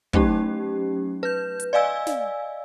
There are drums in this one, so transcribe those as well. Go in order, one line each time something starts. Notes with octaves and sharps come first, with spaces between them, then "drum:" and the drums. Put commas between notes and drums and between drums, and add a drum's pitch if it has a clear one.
F#3 A3 C#4 D#4 G4, drum: kick
B4 G6
drum: hi-hat
D5 D#5 F5 G#5 E6
drum: snare